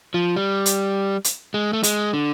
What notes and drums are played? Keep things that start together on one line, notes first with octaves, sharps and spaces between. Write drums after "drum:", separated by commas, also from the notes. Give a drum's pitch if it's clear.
F3
G3
drum: hi-hat
drum: hi-hat
G#3
A3
G#3, drum: hi-hat
D3